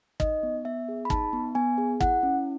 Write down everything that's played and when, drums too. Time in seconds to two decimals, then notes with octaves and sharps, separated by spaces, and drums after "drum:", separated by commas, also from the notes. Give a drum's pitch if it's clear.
0.20 D#4 D#5, drum: kick
0.43 B3
0.65 B3 E5
0.89 G#4
1.05 B5
1.10 D#4 A5, drum: kick
1.33 B3
1.55 B3 G#5
1.78 G#4
2.00 E4 F#5, drum: kick
2.23 C#4